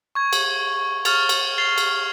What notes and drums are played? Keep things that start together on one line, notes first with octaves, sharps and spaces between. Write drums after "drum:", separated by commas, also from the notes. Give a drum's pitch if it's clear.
C#6 G#6
drum: cymbal
C#6 F6 A6 F7, drum: cymbal
drum: cymbal
A6 C7 F7 G7
drum: cymbal